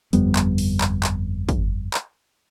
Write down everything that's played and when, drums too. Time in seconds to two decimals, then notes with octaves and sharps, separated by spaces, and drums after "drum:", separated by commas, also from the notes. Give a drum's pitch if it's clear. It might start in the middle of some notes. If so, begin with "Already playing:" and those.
0.13 G1 F2 G3 B3, drum: hi-hat
0.36 drum: clap
0.58 drum: open hi-hat
0.81 drum: clap
1.03 drum: clap
1.49 drum: kick, hi-hat
1.94 drum: clap